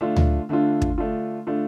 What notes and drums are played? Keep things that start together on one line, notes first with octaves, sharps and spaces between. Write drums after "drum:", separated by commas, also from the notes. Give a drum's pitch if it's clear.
D3 A3 D4 F4
drum: tom D2
D3 A3 D4 F4
drum: kick
D3 A3 D4 F4
D3 A3 D4 F4